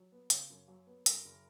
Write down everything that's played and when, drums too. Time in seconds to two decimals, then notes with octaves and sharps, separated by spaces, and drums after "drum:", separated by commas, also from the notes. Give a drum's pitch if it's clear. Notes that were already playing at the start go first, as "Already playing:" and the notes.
Already playing: F#3
0.12 B3
0.30 C#3 C#5, drum: hi-hat
0.50 F#2
0.68 F#3
0.87 B3
1.06 F#2 A#4, drum: hi-hat
1.25 F#1